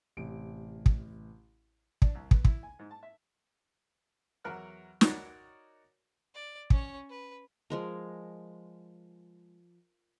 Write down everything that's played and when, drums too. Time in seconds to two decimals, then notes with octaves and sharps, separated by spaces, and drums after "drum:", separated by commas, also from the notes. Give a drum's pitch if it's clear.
0.17 A1 C3 D7
0.86 drum: kick
2.02 D4, drum: kick
2.15 C2
2.31 B3, drum: kick
2.45 E4, drum: kick
2.63 G#5
2.79 G#2
2.91 A5
3.03 E5
4.44 E2 F#3 A#4 F#5 F6 F#6
5.01 D#4 F#4 A#4 C#5 D5, drum: snare
6.35 D5
6.70 C#4 C#5, drum: kick
7.10 B4
7.70 F3 G#3 A#4